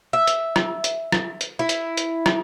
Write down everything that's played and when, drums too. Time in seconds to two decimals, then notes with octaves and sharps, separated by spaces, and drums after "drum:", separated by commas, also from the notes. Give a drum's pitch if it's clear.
0.13 E5
0.27 drum: hi-hat
0.56 drum: rim click
0.84 drum: hi-hat
1.12 drum: rim click
1.41 drum: hi-hat
1.59 E4
1.69 drum: hi-hat
1.97 drum: hi-hat
2.26 drum: rim click